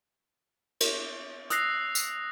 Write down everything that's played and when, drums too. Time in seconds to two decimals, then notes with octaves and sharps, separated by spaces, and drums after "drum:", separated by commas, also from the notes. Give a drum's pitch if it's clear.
0.81 drum: cymbal
1.50 D#6 E6 F#6 A#6 C7, drum: hi-hat
1.95 drum: tambourine